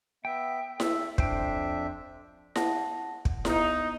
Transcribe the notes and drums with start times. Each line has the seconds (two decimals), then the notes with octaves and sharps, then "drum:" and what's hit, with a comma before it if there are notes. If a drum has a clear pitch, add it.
0.25 B3 E5 G5
0.80 A4 E5, drum: snare E4
1.18 F2 D4 C5 E5 G5, drum: kick
2.56 F#5 A5 A#6, drum: snare E4
3.25 drum: kick
3.45 B3 D#4, drum: snare E4